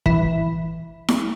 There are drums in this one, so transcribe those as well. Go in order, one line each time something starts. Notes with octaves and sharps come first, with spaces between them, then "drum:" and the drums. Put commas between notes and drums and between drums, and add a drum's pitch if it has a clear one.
E3, drum: kick
drum: snare E4